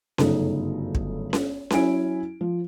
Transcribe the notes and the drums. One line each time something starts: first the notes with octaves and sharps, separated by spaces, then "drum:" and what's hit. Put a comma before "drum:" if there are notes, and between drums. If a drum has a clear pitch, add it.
G1 F#2 C#3 A3 D#4 A4, drum: snare C#4
drum: kick
drum: snare C#4
F#3 C#4 E4 G#5 D7, drum: snare C#4
F3